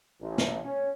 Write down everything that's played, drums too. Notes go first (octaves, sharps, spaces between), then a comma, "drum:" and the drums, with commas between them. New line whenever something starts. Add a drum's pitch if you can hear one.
A1
drum: snare
C#4